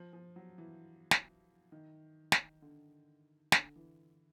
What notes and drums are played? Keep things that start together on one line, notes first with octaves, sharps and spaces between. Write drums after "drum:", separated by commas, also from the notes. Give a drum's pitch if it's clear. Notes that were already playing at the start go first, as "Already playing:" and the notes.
Already playing: F3
F3
F#3
E3
drum: snare
D#3
drum: snare
D3
D3, drum: snare
E3